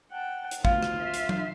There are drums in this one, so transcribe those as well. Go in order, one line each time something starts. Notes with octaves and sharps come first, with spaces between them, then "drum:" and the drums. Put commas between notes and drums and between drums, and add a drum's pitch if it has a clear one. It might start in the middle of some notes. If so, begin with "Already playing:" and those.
F#5 G5 A5
drum: hi-hat
D2 B2 F4 F5, drum: kick A1
drum: rim click
E5 C6
drum: hi-hat
drum: tom F#3